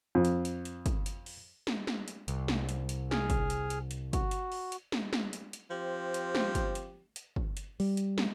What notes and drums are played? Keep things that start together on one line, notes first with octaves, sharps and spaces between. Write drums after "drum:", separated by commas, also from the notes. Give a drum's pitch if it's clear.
F2
drum: hi-hat
drum: hi-hat
drum: hi-hat
drum: kick, hi-hat
drum: hi-hat
drum: open hi-hat
drum: snare
drum: snare
drum: hi-hat
C2, drum: hi-hat
drum: snare
drum: hi-hat
drum: hi-hat
G#4 G#5 F6, drum: snare
drum: kick, hi-hat
drum: hi-hat
drum: hi-hat
drum: hi-hat
F#4, drum: kick, hi-hat
drum: hi-hat
drum: open hi-hat
drum: hi-hat
drum: snare
drum: snare
drum: hi-hat
drum: hi-hat
F3 C4 G4
drum: hi-hat
drum: snare
drum: kick, hi-hat
drum: hi-hat
drum: hi-hat
drum: kick
drum: hi-hat
G3, drum: open hi-hat
drum: hi-hat
drum: snare